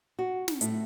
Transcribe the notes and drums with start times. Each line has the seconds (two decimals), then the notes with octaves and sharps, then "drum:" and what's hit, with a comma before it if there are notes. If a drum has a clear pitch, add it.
0.19 F#4
0.48 drum: snare
0.61 A2, drum: hi-hat